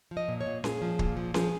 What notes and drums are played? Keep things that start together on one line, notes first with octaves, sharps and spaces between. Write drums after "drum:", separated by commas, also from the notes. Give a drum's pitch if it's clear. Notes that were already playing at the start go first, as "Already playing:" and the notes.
F3
D#5
A#2
C#5
A#2
A#2 G#4, drum: snare C#4
F3
A#2, drum: kick
F3
F3 G#4, drum: snare C#4